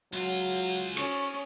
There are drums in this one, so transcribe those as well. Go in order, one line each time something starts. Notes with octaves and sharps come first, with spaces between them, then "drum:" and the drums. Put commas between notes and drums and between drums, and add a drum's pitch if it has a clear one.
C#2 F#3 F4
C#4 C#6, drum: cymbal